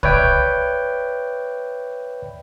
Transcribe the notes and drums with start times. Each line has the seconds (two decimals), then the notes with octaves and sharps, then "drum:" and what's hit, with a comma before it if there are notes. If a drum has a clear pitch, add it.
0.03 B4 C#5 D5 E5 G5, drum: kick